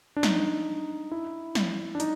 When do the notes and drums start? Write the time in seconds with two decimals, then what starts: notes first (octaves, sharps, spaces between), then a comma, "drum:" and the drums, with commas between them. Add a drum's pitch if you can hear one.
0.16 D4
0.23 D#4, drum: snare
1.12 E4
1.55 drum: snare
1.95 D4
2.00 D#4, drum: hi-hat